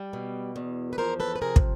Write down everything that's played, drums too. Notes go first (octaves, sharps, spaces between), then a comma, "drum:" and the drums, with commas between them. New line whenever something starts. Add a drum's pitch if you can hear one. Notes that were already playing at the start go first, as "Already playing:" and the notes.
Already playing: G3
B2
E2
B4
F3 A#4 C5
A4 B4
B4
C3 G#4 A#4
drum: kick